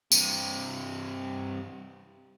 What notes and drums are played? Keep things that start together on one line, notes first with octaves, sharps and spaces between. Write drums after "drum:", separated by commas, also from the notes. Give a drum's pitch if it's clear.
G2 C3, drum: tambourine